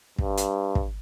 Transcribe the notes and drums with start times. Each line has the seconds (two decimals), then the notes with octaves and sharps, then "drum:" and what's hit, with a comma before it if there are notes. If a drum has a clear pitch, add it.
0.19 G2, drum: kick
0.38 drum: hi-hat
0.75 drum: kick